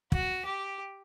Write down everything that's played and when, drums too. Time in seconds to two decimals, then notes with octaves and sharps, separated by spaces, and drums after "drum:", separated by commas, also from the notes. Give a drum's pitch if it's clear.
0.12 F#4, drum: kick
0.45 G4